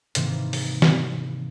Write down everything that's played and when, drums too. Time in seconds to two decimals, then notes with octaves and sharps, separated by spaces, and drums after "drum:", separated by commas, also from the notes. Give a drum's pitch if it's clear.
0.15 G#2 C3 D#3 E3 A#3 C4, drum: hi-hat
0.53 drum: open hi-hat
0.82 drum: snare